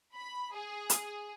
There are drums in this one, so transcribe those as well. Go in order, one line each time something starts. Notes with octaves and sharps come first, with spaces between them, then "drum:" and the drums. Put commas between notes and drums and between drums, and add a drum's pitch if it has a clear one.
B5
G#4
drum: hi-hat